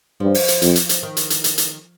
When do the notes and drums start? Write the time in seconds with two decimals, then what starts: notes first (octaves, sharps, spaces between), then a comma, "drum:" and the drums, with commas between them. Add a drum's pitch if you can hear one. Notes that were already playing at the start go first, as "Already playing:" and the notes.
0.20 G2 F3
0.35 drum: open hi-hat
0.48 drum: hi-hat
0.62 F2, drum: hi-hat
0.76 drum: hi-hat
0.89 drum: hi-hat
1.03 D#3
1.17 drum: hi-hat
1.30 drum: hi-hat
1.44 drum: hi-hat
1.58 drum: hi-hat